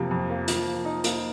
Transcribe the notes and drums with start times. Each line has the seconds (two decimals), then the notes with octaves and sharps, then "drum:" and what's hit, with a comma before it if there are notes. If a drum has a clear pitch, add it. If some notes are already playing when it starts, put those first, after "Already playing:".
Already playing: F2 C3 F3 A#3
0.11 F2
0.30 A#3
0.48 F3, drum: hi-hat
0.67 F3
0.85 D#4
1.04 A#3, drum: hi-hat